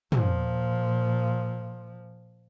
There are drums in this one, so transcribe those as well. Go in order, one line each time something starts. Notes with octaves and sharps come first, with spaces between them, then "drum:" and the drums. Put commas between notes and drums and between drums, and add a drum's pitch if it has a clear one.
A#2 F3, drum: tom